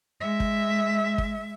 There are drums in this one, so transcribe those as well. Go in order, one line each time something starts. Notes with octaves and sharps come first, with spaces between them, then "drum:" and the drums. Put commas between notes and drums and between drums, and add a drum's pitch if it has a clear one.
G#3 E5
drum: kick
drum: kick